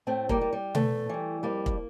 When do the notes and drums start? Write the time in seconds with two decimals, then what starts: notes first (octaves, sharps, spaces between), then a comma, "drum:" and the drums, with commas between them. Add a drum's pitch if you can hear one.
0.07 A2 A3 C4
0.29 G3 A#3, drum: kick
0.41 G3
0.53 G3
0.75 E2 A3, drum: tom B2
1.09 E3 G3
1.43 F2 G3 A#3
1.66 drum: kick